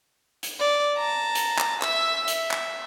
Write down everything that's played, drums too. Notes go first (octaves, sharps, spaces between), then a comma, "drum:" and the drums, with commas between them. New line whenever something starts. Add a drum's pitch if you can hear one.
drum: hi-hat
D5
A5 A#5
drum: hi-hat
drum: clap
E5 E6, drum: clap
E5, drum: hi-hat
drum: clap